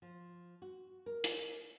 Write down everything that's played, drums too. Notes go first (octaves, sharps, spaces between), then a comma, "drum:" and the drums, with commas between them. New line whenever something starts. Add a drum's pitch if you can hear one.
F3
F#4
A#4
drum: hi-hat